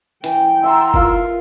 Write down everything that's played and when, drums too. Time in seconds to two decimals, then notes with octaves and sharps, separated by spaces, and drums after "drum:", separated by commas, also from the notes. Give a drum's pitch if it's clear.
0.24 E3 G5, drum: hi-hat
0.64 E5 F#5 A#5 C6 E6
0.94 F4 A#4 F5, drum: kick